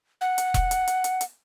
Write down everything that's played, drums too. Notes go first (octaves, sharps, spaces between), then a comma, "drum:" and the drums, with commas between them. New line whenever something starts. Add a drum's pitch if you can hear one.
F#5
drum: hi-hat
drum: kick E1, hi-hat
drum: hi-hat
drum: hi-hat
drum: hi-hat
drum: hi-hat